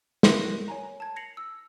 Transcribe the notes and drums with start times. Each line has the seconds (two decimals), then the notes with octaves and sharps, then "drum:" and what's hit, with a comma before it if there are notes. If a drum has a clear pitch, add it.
0.23 G4 A#4 B4 E5 C6 F#6, drum: snare
0.42 F#6 A#6
0.68 C#5 G#5 A#5
1.00 A5 G#6
1.16 G#6 A#6 C7 C#7 F7 F#7
1.37 E6